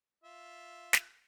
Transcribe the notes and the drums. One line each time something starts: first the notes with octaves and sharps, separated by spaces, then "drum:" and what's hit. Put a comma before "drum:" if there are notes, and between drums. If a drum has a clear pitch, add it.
F4 E5
drum: snare